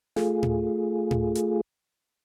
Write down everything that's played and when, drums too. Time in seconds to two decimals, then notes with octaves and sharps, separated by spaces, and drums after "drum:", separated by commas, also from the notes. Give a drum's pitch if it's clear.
0.16 A3 F4 G#4, drum: snare
0.43 drum: tom A2
1.11 drum: tom A2
1.35 drum: hi-hat